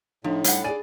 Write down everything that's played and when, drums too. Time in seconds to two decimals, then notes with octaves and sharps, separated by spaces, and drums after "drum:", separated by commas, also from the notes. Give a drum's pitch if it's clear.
0.24 A2 F3 D4 D#4
0.44 G3 F#5, drum: hi-hat
0.64 G#4 D5 G#5 D#7